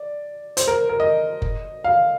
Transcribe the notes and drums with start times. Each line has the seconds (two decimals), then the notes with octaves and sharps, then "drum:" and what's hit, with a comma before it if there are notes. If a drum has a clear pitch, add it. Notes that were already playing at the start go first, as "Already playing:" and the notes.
Already playing: D5
0.57 C5, drum: hi-hat
0.68 A#4
0.89 A#4
1.00 D#5
1.42 drum: kick F#1
1.84 F5